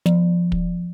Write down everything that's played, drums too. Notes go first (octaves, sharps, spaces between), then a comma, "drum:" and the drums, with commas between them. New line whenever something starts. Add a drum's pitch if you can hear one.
F3, drum: snare
drum: kick